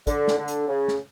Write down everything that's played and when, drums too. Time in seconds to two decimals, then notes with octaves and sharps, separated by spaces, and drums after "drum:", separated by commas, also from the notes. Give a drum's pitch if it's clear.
0.07 D3, drum: kick, hi-hat
0.28 drum: snare
0.38 D3
0.48 drum: hi-hat
0.67 C#3
0.88 drum: snare